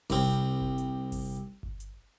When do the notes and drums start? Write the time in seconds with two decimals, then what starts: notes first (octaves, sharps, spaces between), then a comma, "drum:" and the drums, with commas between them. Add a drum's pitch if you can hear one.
0.10 C2 C4, drum: kick G1, open hi-hat
0.61 drum: kick G1
0.78 drum: hi-hat
1.12 drum: kick G1, open hi-hat
1.63 drum: kick G1
1.80 drum: hi-hat